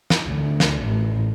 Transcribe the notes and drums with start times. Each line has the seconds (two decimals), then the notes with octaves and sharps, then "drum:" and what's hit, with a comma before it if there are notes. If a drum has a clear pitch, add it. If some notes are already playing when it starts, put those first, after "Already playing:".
0.10 drum: snare
0.25 D2
0.60 drum: snare
0.85 A1